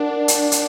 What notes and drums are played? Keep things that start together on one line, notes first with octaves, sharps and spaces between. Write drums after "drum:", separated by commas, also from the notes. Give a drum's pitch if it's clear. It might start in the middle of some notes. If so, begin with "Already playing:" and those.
Already playing: D4 A#4 D5 F#5 A5
drum: hi-hat
drum: hi-hat